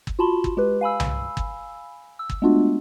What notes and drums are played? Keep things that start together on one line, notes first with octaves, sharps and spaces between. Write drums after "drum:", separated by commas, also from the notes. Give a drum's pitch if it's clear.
drum: kick G1
F4 F#4 A5 B5 C6
drum: kick G1
G#3 G4 B4
F5 G#5 B5 E6
drum: tom C2
drum: kick G1
E6
drum: kick G1
G#3 A3 B3 D4 F4 F#4